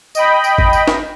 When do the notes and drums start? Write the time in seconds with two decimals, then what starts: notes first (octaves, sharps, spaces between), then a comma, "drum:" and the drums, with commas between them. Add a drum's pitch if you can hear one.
0.15 D#5 G5 B5, drum: tambourine
0.44 drum: tambourine
0.58 drum: kick G1
0.73 drum: tambourine
0.88 drum: snare